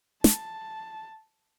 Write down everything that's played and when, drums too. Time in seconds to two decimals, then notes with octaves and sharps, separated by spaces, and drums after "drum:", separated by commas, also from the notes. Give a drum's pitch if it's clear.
0.24 A5, drum: snare